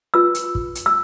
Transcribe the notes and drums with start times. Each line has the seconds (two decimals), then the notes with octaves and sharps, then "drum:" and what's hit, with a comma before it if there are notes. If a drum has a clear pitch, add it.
0.14 F4 B4 E6
0.35 drum: hi-hat
0.55 drum: kick
0.75 drum: hi-hat
0.86 E6